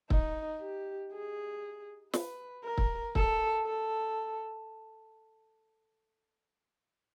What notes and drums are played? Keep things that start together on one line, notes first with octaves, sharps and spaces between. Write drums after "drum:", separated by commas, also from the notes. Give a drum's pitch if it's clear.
D#4, drum: kick
G4
G#4
B4, drum: snare
A#4
drum: kick
A4, drum: kick
A4